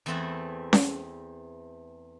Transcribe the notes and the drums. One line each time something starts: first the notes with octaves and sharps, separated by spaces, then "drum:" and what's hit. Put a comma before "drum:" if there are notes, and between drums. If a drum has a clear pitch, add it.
E2 E3 A3 C4 A4 F#5
drum: snare C#4